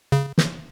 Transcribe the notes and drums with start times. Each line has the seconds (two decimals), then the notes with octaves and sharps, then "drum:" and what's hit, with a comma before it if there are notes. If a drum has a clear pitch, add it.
0.12 C#3
0.38 drum: snare